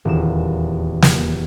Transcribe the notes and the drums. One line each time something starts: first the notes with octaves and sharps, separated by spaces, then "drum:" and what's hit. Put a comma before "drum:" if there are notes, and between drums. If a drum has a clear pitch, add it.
D#1 E2 E7
drum: snare